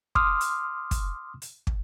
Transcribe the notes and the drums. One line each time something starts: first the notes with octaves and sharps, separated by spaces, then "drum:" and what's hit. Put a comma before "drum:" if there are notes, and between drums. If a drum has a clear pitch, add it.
C6 D6 D#6 F6, drum: kick
drum: hi-hat
drum: kick, hi-hat
drum: hi-hat
drum: kick